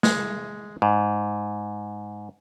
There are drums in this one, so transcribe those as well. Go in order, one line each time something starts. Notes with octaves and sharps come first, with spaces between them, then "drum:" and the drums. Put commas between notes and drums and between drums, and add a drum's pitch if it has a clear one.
G#3, drum: snare
G#2